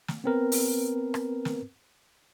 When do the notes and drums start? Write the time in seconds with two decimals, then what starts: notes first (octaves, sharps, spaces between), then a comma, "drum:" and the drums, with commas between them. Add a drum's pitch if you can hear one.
0.08 drum: snare
0.24 B3 C4 A#4 B4
0.52 drum: open hi-hat
1.14 drum: rim click
1.45 drum: snare